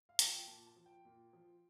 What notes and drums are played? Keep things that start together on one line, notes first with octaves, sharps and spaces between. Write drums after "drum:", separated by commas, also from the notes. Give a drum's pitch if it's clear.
F5
F3, drum: hi-hat
G5
A#2 A5
A5
F3
G5
A#2
F3